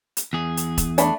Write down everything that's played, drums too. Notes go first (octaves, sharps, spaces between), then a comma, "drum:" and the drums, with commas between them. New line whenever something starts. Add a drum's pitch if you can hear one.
drum: hi-hat
E2 G#4
drum: hi-hat
drum: kick E1, hi-hat
A3 D4 B5, drum: hi-hat